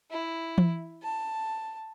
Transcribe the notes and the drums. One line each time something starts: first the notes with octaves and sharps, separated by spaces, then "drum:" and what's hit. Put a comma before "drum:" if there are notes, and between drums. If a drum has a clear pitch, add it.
E4
drum: tom E3
A5